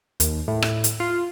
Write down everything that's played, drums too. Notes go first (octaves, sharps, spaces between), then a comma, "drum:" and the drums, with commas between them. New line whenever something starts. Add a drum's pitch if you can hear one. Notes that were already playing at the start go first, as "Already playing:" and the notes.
D#2, drum: hi-hat
A2
drum: rim click
drum: hi-hat
F4